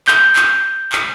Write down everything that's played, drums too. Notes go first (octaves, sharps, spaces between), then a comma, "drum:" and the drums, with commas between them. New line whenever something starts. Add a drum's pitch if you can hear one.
G6, drum: clap
drum: clap
drum: clap